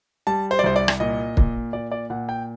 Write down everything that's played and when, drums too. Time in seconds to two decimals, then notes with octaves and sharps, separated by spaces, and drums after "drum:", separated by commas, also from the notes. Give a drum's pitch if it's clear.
0.27 G3 A5
0.51 C5
0.59 D5
0.63 C2 C5
0.76 D5
0.88 drum: rim click
1.00 A#2 D#5
1.37 A#2, drum: kick
1.73 A#2 D5
1.92 D5
2.10 A#2 F#5
2.29 G5